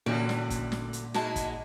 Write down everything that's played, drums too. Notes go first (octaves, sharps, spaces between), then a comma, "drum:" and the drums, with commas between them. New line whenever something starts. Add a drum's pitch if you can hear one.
A#2 D3 E3 C#4 F#4 G5 A5
drum: snare
drum: kick, hi-hat
drum: snare
drum: hi-hat
G#2 G#3 E4 F#4 A5, drum: snare
drum: kick, hi-hat